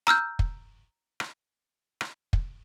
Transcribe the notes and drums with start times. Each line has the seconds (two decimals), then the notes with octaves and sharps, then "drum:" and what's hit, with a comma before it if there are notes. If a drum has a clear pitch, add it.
0.07 A#5 E6 F6 G6, drum: rim click
0.39 drum: kick
1.20 drum: rim click
2.01 drum: rim click
2.33 drum: kick